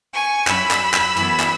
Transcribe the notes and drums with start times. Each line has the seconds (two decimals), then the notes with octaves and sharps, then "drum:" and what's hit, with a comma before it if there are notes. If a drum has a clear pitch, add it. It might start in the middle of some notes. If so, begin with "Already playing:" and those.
0.13 G#5 C#6
0.47 F#2 F#3 C#4 E4 B5 E6, drum: clap
0.71 drum: clap
0.94 drum: clap
1.17 F#2 E3 B3 E4, drum: cymbal
1.40 drum: clap